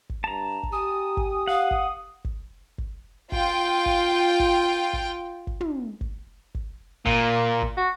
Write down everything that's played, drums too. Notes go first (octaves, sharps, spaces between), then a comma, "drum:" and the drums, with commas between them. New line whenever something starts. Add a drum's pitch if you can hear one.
drum: kick
G2 A5 A#5
drum: kick
G4 G#5 D#6
drum: kick
F5 F#5
drum: kick
drum: kick
drum: kick
F4 G5, drum: kick
drum: kick
drum: kick
drum: kick
drum: kick
drum: tom
drum: kick
drum: kick
A#2 A#3, drum: kick
drum: kick
F#4